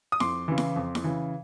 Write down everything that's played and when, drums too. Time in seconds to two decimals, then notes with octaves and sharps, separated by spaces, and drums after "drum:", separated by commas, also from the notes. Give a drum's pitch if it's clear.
0.12 D#6
0.20 F2 C6 D6, drum: snare E4
0.48 C#3 E3
0.58 drum: snare E4
0.76 F2
0.95 drum: snare E4
1.04 C#3 E3